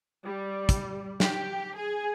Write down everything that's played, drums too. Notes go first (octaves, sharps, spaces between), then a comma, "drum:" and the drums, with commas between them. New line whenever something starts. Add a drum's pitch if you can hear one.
G3
drum: kick, hi-hat
G4, drum: snare
G#4